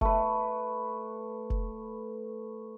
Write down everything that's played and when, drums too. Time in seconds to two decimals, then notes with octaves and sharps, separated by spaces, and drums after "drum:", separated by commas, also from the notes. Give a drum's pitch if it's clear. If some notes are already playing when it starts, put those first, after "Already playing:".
0.01 A3 B4, drum: kick F1
1.50 drum: kick F1